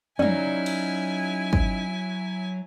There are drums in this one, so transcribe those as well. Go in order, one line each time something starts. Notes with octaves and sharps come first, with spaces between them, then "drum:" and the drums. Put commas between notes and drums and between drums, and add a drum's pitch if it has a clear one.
F#3 C#4 D#4 E4 D5 G#5, drum: tom
drum: cymbal
drum: kick